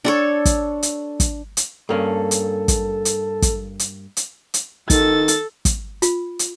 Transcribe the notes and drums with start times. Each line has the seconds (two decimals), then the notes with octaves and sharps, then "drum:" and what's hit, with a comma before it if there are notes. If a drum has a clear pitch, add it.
0.05 D4 A4 C#5
0.45 drum: kick, hi-hat
0.83 drum: hi-hat
1.20 drum: kick, hi-hat
1.57 drum: hi-hat
1.89 G2 A#3 C#4 A4
2.31 drum: hi-hat
2.68 drum: kick, hi-hat
3.05 drum: hi-hat
3.42 drum: kick, hi-hat
3.79 drum: hi-hat
4.17 drum: hi-hat
4.54 drum: hi-hat
4.90 D#3 A4 A6, drum: kick, hi-hat
5.28 drum: hi-hat
5.65 drum: kick, hi-hat
6.02 F4, drum: hi-hat
6.39 drum: hi-hat